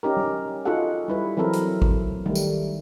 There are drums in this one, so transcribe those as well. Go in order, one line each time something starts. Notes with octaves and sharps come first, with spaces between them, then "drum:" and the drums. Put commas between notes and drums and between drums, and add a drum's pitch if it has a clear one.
C#4 D#4 G4 A#4
drum: tom G3
D#4 F4 F#4 G#4 A4 F#5
G3 E4 B4
E3 F#3 C4 E4 A4 A#4
drum: hi-hat
drum: kick G#1
D#3 G3 A3
drum: tambourine